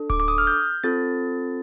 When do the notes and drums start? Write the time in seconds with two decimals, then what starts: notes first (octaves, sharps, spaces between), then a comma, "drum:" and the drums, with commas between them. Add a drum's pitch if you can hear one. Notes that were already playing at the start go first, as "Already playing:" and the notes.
Already playing: D4 A4
0.10 D6, drum: kick D1
0.20 D6
0.28 D#6
0.38 F6
0.47 G6
0.84 C4 F4 A4 A6